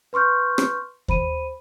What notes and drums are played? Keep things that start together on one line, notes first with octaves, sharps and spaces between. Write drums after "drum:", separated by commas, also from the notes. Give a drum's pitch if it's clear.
B4 C6 C#6 F6 G6
drum: rim click
C5 B5 D#7, drum: kick D#2